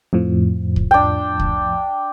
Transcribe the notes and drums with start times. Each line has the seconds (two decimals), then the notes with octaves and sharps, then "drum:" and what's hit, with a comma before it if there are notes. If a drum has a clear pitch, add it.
0.13 F2 A2 F3
0.76 drum: kick C2
0.91 D4 G5
1.40 drum: kick C2